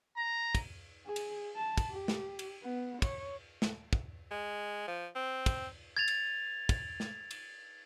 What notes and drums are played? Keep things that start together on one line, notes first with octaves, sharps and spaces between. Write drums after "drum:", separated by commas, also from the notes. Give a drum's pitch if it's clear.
A#5
drum: kick, cymbal
G#4
drum: cymbal
A5
drum: kick, cymbal
G4
drum: snare
drum: cymbal
B3
C#5, drum: kick, cymbal
drum: snare
drum: kick
G#3
F3
C4
drum: kick, cymbal
G#6 A6 F7
drum: cymbal
drum: kick, cymbal
drum: snare
drum: cymbal